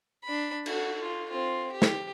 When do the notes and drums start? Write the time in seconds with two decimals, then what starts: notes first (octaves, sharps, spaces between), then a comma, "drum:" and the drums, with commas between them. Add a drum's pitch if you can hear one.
0.24 D4 B5
0.66 F#4 A4, drum: cymbal
1.01 F4
1.30 C4 F4
1.72 G4
1.82 drum: snare